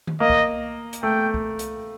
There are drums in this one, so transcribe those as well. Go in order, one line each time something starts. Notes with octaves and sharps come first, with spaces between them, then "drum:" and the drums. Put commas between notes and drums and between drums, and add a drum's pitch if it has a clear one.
drum: tom D#3
A#3 D#5
drum: kick
drum: hi-hat
A3 G5
drum: kick
drum: hi-hat